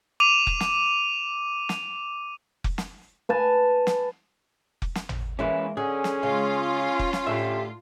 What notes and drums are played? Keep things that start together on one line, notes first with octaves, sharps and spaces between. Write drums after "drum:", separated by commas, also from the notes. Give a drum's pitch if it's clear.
D6 D#7 F7
drum: kick F1
drum: snare
drum: snare
drum: kick F1
drum: snare
B4 G#5 A5
drum: snare
drum: kick F1
drum: snare
drum: tom
E3 G#3 A#3 C#4 E4 B4
D3 C#4 G#4
drum: snare
C#3 G#3 F4 C#5
drum: kick F1
drum: snare
A2 D3 G4 A4 E5